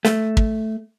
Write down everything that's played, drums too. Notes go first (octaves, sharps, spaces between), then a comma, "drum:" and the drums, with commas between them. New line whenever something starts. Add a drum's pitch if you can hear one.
A3, drum: snare
drum: kick